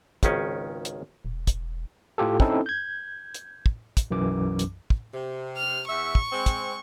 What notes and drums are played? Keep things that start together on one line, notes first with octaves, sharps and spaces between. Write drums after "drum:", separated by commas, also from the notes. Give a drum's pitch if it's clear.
G#1 C#2 D#3 C#4, drum: kick, hi-hat
drum: hi-hat
E1
drum: kick, hi-hat
A2 F4 G4 A4
C4 C#4 D#4 E4 A4, drum: kick
G6 G#6
drum: hi-hat
drum: kick
drum: kick, hi-hat
B1 F#2 E3 D6
drum: hi-hat
drum: kick
C3
F6
E2 E5 C#6
drum: kick
G#3 C4
drum: kick, hi-hat